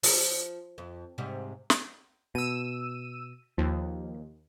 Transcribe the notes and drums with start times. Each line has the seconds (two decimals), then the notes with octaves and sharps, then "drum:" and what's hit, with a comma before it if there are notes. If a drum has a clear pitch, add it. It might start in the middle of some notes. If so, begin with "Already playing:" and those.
0.03 F3, drum: open hi-hat
0.78 F2
1.18 G#2 C3 G3
1.70 drum: snare
2.35 B2 E6 D#7
3.58 D#2 F3